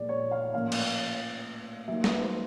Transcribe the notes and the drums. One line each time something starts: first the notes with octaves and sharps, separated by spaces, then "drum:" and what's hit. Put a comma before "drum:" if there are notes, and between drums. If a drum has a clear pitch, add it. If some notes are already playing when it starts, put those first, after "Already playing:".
Already playing: A#2 F3 G#3 B3 D5
C#5
F5
A2 F3 A#3 C#4 F5
drum: cymbal
F#3 A#3 D#4 E5
B4, drum: snare
C5